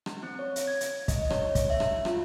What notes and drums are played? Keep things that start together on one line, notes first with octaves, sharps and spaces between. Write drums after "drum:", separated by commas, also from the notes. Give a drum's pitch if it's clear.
drum: rim click
C4
C#5
drum: hi-hat
G#6
drum: hi-hat
D#5, drum: kick, hi-hat
C#5, drum: rim click
drum: kick, hi-hat
E5
drum: rim click
F4, drum: rim click